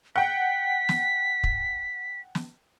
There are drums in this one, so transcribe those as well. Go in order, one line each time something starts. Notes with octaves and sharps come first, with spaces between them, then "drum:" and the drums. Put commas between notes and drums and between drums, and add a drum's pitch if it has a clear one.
F#5 G5 B6
drum: snare
drum: kick
drum: snare